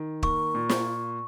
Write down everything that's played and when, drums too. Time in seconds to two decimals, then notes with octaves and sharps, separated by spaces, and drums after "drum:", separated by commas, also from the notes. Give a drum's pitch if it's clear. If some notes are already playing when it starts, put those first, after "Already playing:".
Already playing: D#3
0.23 A#3 C#6, drum: kick
0.55 A#2
0.69 drum: snare